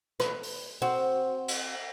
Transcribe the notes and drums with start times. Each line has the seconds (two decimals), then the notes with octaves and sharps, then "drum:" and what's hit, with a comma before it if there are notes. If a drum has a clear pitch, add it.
0.20 B4, drum: rim click
0.43 drum: open hi-hat
0.82 C4 F#4
1.48 drum: cymbal